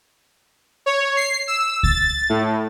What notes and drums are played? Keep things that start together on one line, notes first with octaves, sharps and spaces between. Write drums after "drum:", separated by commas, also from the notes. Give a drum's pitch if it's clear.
C#5
C7
E6
A6, drum: kick C#2
A2